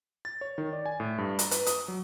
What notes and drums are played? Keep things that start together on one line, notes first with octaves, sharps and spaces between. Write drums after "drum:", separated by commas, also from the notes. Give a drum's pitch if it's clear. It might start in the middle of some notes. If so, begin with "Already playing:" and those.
A6
C#5
D#3
D5
G#5
A2
G2
A#5, drum: hi-hat
B4, drum: hi-hat
D#6, drum: hi-hat
F#3